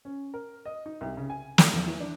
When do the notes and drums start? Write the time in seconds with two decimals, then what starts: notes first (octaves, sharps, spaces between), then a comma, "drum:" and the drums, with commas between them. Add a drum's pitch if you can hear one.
0.05 C#4
0.34 A#4
0.65 D#5
0.86 D#4
1.01 C2
1.17 C#3
1.30 G#5
1.58 D6, drum: snare
1.73 E2
1.87 E3
2.00 D4